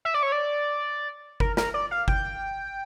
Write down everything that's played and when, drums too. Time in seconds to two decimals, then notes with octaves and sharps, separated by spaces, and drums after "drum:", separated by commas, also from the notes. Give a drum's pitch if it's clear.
0.05 E5
0.14 D5
0.23 C#5
0.32 D5
1.40 A#4, drum: kick G1
1.57 A#4, drum: snare
1.74 D5
1.91 F5
2.08 G5, drum: kick G1